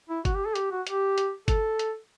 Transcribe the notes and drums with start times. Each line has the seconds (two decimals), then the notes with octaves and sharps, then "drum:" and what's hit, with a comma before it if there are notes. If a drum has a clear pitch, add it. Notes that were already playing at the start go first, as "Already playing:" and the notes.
0.09 E4
0.25 F#4, drum: kick G1, hi-hat
0.35 G4
0.46 A4
0.55 G4, drum: hi-hat
0.71 F#4
0.87 G4, drum: hi-hat
1.18 drum: hi-hat
1.48 A4, drum: kick G1, hi-hat
1.79 drum: hi-hat